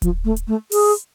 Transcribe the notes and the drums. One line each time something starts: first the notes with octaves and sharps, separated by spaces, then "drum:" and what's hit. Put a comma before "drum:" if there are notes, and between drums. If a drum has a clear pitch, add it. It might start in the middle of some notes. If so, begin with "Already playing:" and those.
F3, drum: kick D1, hi-hat
A3
drum: hi-hat
A3
G#4, drum: open hi-hat